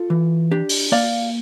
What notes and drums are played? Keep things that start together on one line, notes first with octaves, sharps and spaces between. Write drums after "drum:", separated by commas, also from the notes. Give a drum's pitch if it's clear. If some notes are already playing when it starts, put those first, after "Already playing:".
Already playing: F4 A4
E3
D4 G4
drum: open hi-hat
A#3 D5 F5